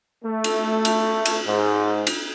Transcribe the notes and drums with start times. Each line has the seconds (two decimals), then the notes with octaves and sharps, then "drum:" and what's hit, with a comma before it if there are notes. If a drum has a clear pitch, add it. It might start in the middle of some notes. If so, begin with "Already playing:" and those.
0.24 A3
0.44 drum: cymbal
0.85 drum: cymbal
1.25 drum: cymbal
1.46 G#2
2.07 drum: cymbal